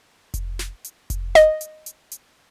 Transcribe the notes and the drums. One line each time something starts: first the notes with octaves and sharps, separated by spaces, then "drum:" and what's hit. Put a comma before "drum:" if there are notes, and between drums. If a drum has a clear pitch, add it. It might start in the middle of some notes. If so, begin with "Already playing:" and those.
drum: kick F1, hi-hat
drum: snare
drum: hi-hat
drum: kick F1, hi-hat
D#5, drum: snare
drum: hi-hat
drum: hi-hat
drum: hi-hat